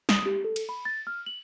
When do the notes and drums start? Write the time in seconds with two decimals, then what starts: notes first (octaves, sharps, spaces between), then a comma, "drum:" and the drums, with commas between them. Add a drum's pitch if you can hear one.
0.09 D#6, drum: snare
0.26 G4
0.44 A4
0.56 drum: cymbal
0.69 B5
0.85 A6
1.07 F6
1.26 F#7